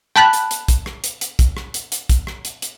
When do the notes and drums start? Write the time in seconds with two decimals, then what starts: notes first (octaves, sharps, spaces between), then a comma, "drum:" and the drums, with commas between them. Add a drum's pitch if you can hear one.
0.16 G5 A5 B5 F#6, drum: rim click
0.33 drum: hi-hat
0.51 drum: hi-hat
0.68 drum: kick, hi-hat
0.86 drum: rim click
1.04 drum: hi-hat
1.21 drum: hi-hat
1.39 drum: kick, hi-hat
1.57 drum: rim click
1.74 drum: hi-hat
1.92 drum: hi-hat
2.09 drum: kick, hi-hat
2.27 drum: rim click
2.45 drum: hi-hat
2.62 drum: hi-hat